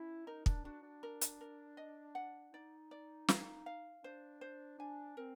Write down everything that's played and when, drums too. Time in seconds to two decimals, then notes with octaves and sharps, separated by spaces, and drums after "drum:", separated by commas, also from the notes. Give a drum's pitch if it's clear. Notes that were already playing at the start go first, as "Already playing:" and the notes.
Already playing: C#4 E4
0.27 D#4 A#4
0.46 D4, drum: kick
0.65 D4 F#4
0.83 D4
1.03 A#4
1.21 drum: hi-hat
1.41 A#4
1.77 D#5
2.15 F#5
2.53 D#4 D5
2.91 D5
3.28 F5, drum: snare
3.66 F5
4.04 D4 C5
4.41 C5
4.79 D4 G#5
5.17 C4 A#4